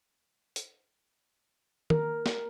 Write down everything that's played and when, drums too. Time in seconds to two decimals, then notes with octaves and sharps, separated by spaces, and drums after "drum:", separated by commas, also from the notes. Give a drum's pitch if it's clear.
0.56 drum: hi-hat
1.90 A#4, drum: tom
2.26 drum: snare